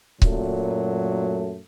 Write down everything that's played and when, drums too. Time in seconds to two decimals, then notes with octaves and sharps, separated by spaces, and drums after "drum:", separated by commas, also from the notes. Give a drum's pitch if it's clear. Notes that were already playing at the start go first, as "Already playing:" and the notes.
0.22 F#2 A#2 F#3 A3, drum: kick C#1